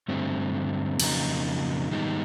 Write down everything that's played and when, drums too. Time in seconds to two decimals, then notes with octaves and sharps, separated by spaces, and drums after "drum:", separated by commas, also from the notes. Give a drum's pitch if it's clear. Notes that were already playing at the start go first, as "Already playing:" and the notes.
0.08 G2 D3 F#3 A3 C4
1.00 F2 C#3 F#3 A#3 D#4, drum: cymbal
1.91 G#2 D#3 G3 B3 D#4